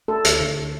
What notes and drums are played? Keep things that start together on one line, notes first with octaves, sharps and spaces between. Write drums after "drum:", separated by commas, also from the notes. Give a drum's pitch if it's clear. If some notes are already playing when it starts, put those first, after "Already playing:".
A3 A4
D2, drum: hi-hat
D3